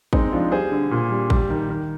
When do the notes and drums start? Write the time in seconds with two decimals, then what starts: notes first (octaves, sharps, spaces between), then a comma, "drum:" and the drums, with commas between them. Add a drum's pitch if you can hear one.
0.13 G#3 C4 D#4, drum: kick A1
0.33 F3 D4 F4
0.52 G3 G#4 C5
0.72 D3
0.91 A#2
1.11 G3
1.30 G3, drum: kick A1
1.50 D#3
1.69 D#3